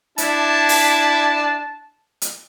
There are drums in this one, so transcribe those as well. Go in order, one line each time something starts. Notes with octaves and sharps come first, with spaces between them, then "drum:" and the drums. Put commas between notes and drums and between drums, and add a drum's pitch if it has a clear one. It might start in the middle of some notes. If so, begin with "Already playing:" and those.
D4 E4 A5, drum: hi-hat
drum: open hi-hat
drum: hi-hat